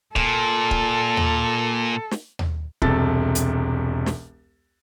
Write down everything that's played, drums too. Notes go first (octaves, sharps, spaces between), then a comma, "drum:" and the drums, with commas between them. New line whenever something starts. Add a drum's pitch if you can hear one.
A#2 A4, drum: kick
drum: kick
drum: tom D#2
drum: snare
drum: tom D#2
E1 C2 C3 A4 A6, drum: kick
drum: hi-hat
drum: snare